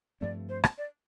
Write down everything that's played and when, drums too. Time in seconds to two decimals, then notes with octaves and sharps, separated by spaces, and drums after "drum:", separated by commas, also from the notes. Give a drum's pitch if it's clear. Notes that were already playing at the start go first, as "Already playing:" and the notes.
0.21 G2 F3 A3 C4 D5
0.49 C5
0.64 drum: rim click
0.78 D5